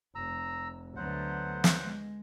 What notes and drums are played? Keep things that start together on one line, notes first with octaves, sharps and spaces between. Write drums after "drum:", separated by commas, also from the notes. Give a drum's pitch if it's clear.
F1 A#5 E6
D2 D3 F#3 B3 C5 F#5
drum: snare
G#3